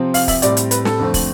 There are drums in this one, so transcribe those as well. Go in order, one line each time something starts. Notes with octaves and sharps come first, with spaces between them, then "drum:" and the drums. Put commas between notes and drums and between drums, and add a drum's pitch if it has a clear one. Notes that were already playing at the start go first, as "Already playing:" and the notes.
Already playing: C3 F3 C4
F5, drum: open hi-hat
E5, drum: kick, open hi-hat
A2 G3 C4 D5, drum: hi-hat
drum: hi-hat
B4, drum: hi-hat
A4, drum: snare
F2 D3 F3 A3 C4
drum: kick, open hi-hat